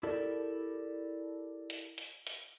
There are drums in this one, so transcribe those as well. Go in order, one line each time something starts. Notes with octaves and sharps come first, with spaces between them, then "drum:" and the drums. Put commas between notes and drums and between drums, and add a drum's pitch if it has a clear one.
E4 G4 A4 A#4 D5
drum: hi-hat
drum: hi-hat
drum: hi-hat